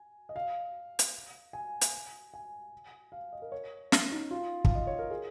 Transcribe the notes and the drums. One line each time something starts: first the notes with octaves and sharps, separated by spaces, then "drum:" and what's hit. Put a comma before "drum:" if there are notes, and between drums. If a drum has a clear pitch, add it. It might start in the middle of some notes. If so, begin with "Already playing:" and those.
Already playing: G#5
D#5
F5
drum: hi-hat
G#5
drum: hi-hat
G#5
F5
D#5
A#4
C#5
C#4, drum: snare
D#4
F4
F5, drum: kick
D#5
C#5
A#4
G#4